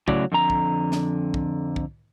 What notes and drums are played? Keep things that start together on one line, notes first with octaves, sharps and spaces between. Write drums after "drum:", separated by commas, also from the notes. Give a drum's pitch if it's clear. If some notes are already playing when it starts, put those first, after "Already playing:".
A2 C#3 F#3 D5, drum: kick
F2 D3 A#5
drum: kick
drum: snare
drum: kick
drum: kick